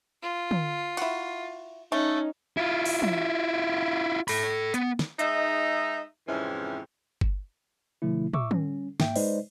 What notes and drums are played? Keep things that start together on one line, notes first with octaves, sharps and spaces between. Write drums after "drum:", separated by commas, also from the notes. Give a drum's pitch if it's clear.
F4
drum: tom
E4 F#4, drum: cymbal
A3 C#4 D#4
E4 F4
drum: open hi-hat
drum: tom
A4 B5, drum: open hi-hat
B3, drum: hi-hat
drum: snare
G#3 D#4 E5, drum: hi-hat
F2 G#2 C3 E3 C#4 E4
drum: kick G1
B2 D3 F3 A3 E4
E5 C#6 D6 E6, drum: tom
G3 C#4, drum: tom
G#2 A#3 E5 G5, drum: snare
G#3 D#4 B4 C5 D5 D#5, drum: open hi-hat